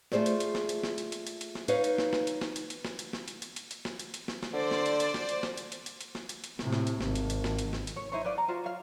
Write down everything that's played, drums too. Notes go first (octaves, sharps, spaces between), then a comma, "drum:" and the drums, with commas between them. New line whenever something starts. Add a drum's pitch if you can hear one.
A3 F4 G#4 C5 D5, drum: snare
drum: hi-hat
drum: hi-hat
drum: snare
drum: hi-hat
drum: snare
drum: hi-hat
drum: hi-hat
drum: hi-hat
drum: hi-hat
drum: snare
D#4 B4 C#5 D#5 F5, drum: hi-hat
drum: hi-hat
drum: snare
drum: snare
drum: hi-hat
drum: snare
drum: hi-hat
drum: hi-hat
drum: snare
drum: hi-hat
drum: snare
drum: hi-hat
drum: hi-hat
drum: hi-hat
drum: hi-hat
drum: snare
drum: hi-hat
drum: hi-hat
drum: snare
drum: snare
D3 C5 D5
drum: snare
drum: hi-hat
drum: hi-hat
drum: snare
drum: hi-hat
drum: snare
drum: hi-hat
drum: hi-hat
drum: hi-hat
drum: hi-hat
drum: snare
drum: hi-hat
drum: hi-hat
A2 C3, drum: snare
drum: snare
drum: hi-hat
G#1, drum: snare
drum: hi-hat
drum: hi-hat
drum: snare
drum: hi-hat
drum: snare
drum: hi-hat
C#5
D#4 E4 C5 C#5
B4 C5 D5 F5
D5 A#5
F4 F#4 C5
C#5 F5